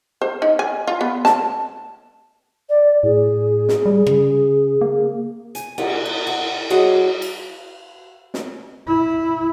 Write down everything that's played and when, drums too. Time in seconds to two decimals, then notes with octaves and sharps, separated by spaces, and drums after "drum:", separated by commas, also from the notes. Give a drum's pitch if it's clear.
0.22 C5
0.42 D#4
0.59 G#5
0.88 F4
1.01 B3
1.25 A5, drum: snare
2.69 D5
3.03 A2 G#4
3.68 drum: snare
3.86 G3
4.07 C#3, drum: rim click
4.81 A#3
5.55 G#5, drum: hi-hat
5.78 F4 G4 G#4 F#5, drum: cymbal
6.06 B3
6.27 F#5
6.70 G3 F#4 G#4 C#5 D#5 F#5
7.22 drum: cymbal
8.34 drum: snare
8.87 E4